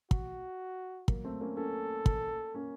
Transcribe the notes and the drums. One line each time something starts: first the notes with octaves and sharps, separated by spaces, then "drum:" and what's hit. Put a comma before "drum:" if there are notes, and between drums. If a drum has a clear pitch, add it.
F#4, drum: kick
F#3 A#3, drum: kick
A3 C4
A#3 C#4
A#3 C#4 A4
drum: kick
A#3 C#4